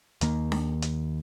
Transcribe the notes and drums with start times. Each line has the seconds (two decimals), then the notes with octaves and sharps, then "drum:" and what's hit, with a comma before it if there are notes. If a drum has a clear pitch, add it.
0.21 D#2 D#3 A#3, drum: hi-hat
0.52 drum: snare D4
0.82 drum: hi-hat